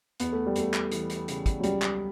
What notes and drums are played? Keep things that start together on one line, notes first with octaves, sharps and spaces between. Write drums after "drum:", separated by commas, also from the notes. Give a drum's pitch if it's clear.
E2 B3, drum: hi-hat
A3
G3
E2 A3, drum: hi-hat
drum: clap
E3, drum: hi-hat
drum: hi-hat
C#3, drum: hi-hat
drum: kick, hi-hat
F#3
C#2 G3, drum: hi-hat
drum: clap